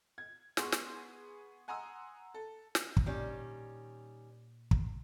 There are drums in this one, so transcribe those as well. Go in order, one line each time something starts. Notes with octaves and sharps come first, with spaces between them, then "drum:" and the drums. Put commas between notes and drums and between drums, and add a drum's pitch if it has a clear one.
G#6
B3 G#4 C6 C#6, drum: snare
drum: snare
F#5 G#5 A#5 C6 D#6 E6
A4
drum: snare
drum: kick
A#2 D#3 G3 C#4
drum: kick